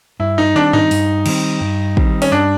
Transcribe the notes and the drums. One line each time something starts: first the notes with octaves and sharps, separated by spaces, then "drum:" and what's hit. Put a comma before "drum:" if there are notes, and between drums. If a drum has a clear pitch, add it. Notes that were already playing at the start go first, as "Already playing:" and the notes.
G2 E4
D#4
D#3 G3 C4 D4
D#4, drum: tom G2
G2, drum: open hi-hat
D#3 G3 C4, drum: cymbal
G2
D#3 G3 C4, drum: kick
C#4, drum: open hi-hat
G2 D4